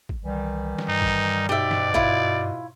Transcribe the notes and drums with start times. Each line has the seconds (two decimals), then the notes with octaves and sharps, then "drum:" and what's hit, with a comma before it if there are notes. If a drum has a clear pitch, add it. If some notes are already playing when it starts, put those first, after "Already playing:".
0.09 drum: kick G1
0.25 C2 D#3 E3 G3
0.79 drum: snare
0.88 G2 D#4
1.02 drum: kick G1
1.49 G#2 B2 G4 D5 E5
1.71 drum: snare
1.94 E4 F4 C#5, drum: kick G1